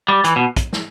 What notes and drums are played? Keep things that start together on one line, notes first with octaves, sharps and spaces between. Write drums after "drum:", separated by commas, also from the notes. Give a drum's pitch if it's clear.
G3
E3, drum: hi-hat
B2
drum: kick, hi-hat
drum: snare